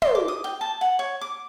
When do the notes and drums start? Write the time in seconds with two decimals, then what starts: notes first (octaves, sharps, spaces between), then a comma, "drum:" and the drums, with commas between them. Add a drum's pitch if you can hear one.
0.02 C6, drum: tom
0.15 D6
0.28 D#6
0.44 G5
0.61 A5
0.81 F#5
0.99 C#5
1.21 D6